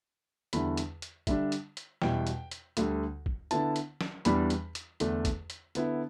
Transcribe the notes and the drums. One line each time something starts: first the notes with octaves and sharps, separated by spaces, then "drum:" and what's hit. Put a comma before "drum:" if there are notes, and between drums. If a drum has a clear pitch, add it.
E2 D3 G3 E4 B5, drum: hi-hat
drum: hi-hat
drum: hi-hat
D3 G3 D4 E5, drum: kick, hi-hat
drum: hi-hat
drum: hi-hat
E2 B2 G3 E4 G5, drum: snare
drum: hi-hat
drum: hi-hat
D2 D3 G3, drum: hi-hat
drum: kick
D3 B3 E4 A5, drum: hi-hat
drum: hi-hat
drum: snare
E2 E3 G3 D4 B5, drum: hi-hat
drum: hi-hat
drum: hi-hat
E2 D3 A3 D4, drum: hi-hat
drum: kick, hi-hat
drum: hi-hat
D3 B3 E4, drum: hi-hat